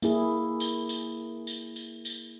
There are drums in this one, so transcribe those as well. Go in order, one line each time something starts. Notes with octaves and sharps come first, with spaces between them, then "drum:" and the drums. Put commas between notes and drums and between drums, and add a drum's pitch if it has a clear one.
A#3 E4 G#4, drum: tambourine
drum: tambourine
drum: tambourine
drum: tambourine
drum: tambourine
drum: tambourine